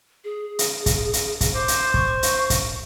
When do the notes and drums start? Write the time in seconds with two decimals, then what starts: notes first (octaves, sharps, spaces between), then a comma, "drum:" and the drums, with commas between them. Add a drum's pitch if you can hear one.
0.24 G#4
0.59 drum: hi-hat
0.86 drum: kick, hi-hat
1.13 drum: hi-hat
1.41 drum: kick, hi-hat
1.54 C5 D6
1.68 drum: hi-hat
1.94 C#6, drum: kick
2.23 drum: hi-hat
2.50 drum: kick, hi-hat